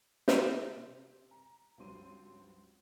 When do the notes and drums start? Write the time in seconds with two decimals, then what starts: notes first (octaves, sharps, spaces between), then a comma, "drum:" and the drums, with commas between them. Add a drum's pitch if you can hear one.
0.28 drum: snare
0.73 C3 C4
1.31 A#5
1.78 C#2 G2 F#3 C4 C6 D#7